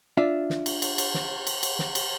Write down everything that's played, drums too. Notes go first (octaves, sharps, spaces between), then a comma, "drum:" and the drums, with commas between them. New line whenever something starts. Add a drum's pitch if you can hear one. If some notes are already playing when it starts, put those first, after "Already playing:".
D4 F4 E5
drum: snare
drum: cymbal
drum: cymbal
drum: cymbal
drum: snare
drum: cymbal
drum: cymbal
drum: snare
drum: cymbal